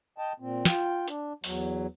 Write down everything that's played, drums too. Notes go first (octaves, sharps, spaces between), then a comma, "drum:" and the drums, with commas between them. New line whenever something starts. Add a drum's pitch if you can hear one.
D#5 G5 A5
A#2 C4
F4 G5, drum: snare
D4, drum: hi-hat
E2 F#3, drum: open hi-hat